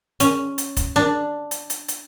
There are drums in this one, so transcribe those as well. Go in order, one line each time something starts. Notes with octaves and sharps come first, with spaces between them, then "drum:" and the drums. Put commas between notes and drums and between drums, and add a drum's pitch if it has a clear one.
C#4, drum: hi-hat
drum: hi-hat
drum: kick, hi-hat
D4
drum: hi-hat
drum: hi-hat
drum: hi-hat